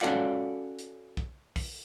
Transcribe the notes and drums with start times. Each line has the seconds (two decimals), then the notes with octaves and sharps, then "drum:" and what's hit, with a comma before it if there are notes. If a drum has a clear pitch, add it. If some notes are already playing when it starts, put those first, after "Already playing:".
0.01 C#4 F#4 A4 D5 F5 F#5, drum: clap
0.79 drum: hi-hat
1.17 drum: kick
1.56 drum: kick, open hi-hat